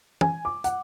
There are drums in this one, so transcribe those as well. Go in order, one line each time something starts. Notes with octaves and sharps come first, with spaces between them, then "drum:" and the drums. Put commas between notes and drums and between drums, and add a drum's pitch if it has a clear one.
G#5, drum: tom
D6
F#5, drum: hi-hat